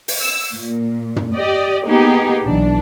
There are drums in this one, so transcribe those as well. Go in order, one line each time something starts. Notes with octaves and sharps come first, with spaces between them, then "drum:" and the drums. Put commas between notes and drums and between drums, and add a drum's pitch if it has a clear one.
drum: open hi-hat
E6
A#2
drum: tom
G4 D5 D#5
A#3 B3 D#4 G4 G#4
B1 E3 D4